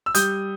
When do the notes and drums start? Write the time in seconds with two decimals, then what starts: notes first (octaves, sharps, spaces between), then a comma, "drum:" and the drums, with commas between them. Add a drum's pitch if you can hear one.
0.06 E6
0.15 G3 D#6 G6, drum: hi-hat